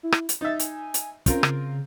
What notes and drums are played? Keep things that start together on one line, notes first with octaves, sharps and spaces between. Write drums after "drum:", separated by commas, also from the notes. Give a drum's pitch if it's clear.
E4
drum: rim click
drum: hi-hat
D#4 E5 A6
G#5, drum: hi-hat
drum: hi-hat
C4 C#4 F4 A#4, drum: kick, hi-hat
C#3, drum: rim click